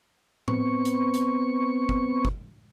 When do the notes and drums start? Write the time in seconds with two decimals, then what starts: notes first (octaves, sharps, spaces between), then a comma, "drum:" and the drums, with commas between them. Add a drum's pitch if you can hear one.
0.48 B3 C4 C#6, drum: tom A2
0.85 drum: hi-hat
1.14 drum: hi-hat
1.89 drum: kick
2.25 drum: kick